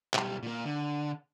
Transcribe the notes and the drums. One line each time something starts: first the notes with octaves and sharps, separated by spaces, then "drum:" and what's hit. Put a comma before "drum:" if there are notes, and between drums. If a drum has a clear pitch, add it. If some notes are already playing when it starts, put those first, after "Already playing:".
B1 G3, drum: clap
A#2 A#3
D3